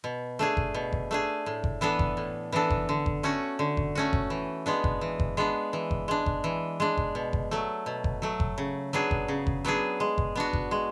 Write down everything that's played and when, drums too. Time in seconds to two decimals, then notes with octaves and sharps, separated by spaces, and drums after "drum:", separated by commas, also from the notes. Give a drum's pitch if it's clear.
0.04 B2
0.39 A3 D4 G#4
0.57 drum: kick F#1
0.74 B2
0.92 drum: kick F#1
1.11 A3 D4 G#4
1.46 A2
1.64 drum: kick F#1
1.81 E3 B3 D4 A4
1.99 drum: kick F#1
2.17 A2
2.52 E3 B3 D4 A4
2.70 drum: kick F#1
2.89 D3
3.06 drum: kick F#1
3.23 A3 C#4 F#4
3.59 D3
3.77 drum: kick F#1
3.95 A3 C#4 F#4
4.13 drum: kick F#1
4.30 E3
4.66 G#3 B3 D4
4.84 drum: kick F#1
5.01 E3
5.19 drum: kick F#1
5.37 G#3 B3 D4
5.73 E3
5.91 drum: kick F#1
6.08 G#3 D4
6.26 drum: kick F#1
6.44 E3
6.80 G#3 D4
6.97 drum: kick F#1
7.15 B2
7.33 drum: kick F#1
7.51 F#3 A3
7.86 B2
8.04 drum: kick F#1
8.22 F#3 A3
8.40 drum: kick F#1
8.58 C#3
8.93 F#3 B3 D4 G#4
9.11 drum: kick F#1
9.28 C#3
9.47 drum: kick F#1
9.65 F#3 B3 D4 G#4
10.00 G#3
10.18 drum: kick F#1
10.36 B3 D4 F#4
10.53 drum: kick F#1
10.71 G#3